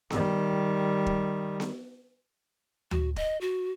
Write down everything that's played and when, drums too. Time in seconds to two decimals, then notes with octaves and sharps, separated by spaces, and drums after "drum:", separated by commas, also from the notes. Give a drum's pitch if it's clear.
0.10 D#3 G3, drum: snare B3
1.06 drum: kick
1.60 drum: snare B3
2.91 F#4, drum: tom D2
3.16 D#5, drum: kick
3.41 F#4